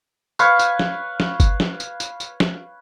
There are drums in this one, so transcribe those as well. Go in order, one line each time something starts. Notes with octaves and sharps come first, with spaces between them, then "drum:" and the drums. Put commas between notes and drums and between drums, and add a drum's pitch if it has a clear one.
B4 C#5 F5 C#6, drum: tambourine
drum: tambourine
drum: snare
drum: snare
drum: kick, tambourine
drum: snare
drum: tambourine
drum: tambourine
drum: tambourine
drum: snare